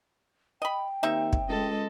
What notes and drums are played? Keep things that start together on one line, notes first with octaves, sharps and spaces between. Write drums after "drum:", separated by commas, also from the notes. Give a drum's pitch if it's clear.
D#5 G5 B5
D#2 C4 D#4 E5
drum: kick
C#2 G#3 A4 D#5